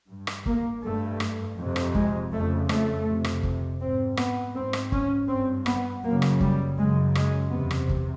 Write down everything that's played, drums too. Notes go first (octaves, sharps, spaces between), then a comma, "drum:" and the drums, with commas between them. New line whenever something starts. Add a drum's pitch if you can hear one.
G2
drum: rim click
A#3, drum: kick
G2 A3
drum: rim click
F2 C3
drum: rim click
G#3, drum: kick
F2 C#3 A3
A3, drum: rim click
F2 C3
drum: rim click
drum: kick
G#2 C4
B3, drum: rim click
G#2 C4
drum: rim click
C#4, drum: kick
G2 C4
B3, drum: rim click
F#2 C#3 A#3
drum: rim click
G3, drum: kick
F#2 C#3 G#3
G#3, drum: rim click
E2 C3 B3
drum: rim click
drum: kick